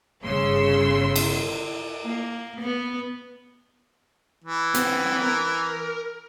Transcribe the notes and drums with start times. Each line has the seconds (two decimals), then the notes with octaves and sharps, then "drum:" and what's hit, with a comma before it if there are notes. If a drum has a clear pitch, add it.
0.22 G1 C#3 C6 E6
1.16 drum: cymbal
2.05 A#3
2.61 B3
4.44 E3
4.75 B3 C4, drum: hi-hat
5.22 A#4